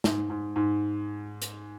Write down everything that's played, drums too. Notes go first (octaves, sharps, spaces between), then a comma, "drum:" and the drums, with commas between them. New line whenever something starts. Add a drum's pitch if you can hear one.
G#2, drum: snare
G#2
G#2
drum: hi-hat